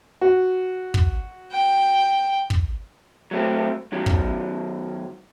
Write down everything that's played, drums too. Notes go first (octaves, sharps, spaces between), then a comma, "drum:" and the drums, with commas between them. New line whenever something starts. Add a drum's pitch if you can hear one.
F#4
drum: kick
G5
drum: kick
F#3 A3 C4
F#2 D#3 F#3
drum: kick